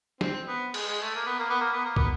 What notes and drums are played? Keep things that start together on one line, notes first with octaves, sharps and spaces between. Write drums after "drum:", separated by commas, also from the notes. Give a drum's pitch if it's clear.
C4, drum: snare
B3
G#3, drum: cymbal
G#3
A3
A#3
B3
A#3
B3
A#3
B3
A#3
B3, drum: kick